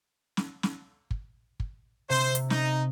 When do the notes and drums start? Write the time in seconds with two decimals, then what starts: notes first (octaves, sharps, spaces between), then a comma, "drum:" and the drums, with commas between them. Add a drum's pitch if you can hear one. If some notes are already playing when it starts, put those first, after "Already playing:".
0.37 drum: snare
0.63 drum: snare
1.11 drum: kick
1.60 drum: kick
2.10 C3 C5
2.35 drum: hi-hat
2.50 D#4, drum: snare